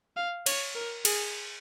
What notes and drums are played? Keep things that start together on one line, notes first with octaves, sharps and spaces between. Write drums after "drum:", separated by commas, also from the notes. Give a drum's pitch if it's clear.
F5
C#5, drum: cymbal
A#4
G#4, drum: cymbal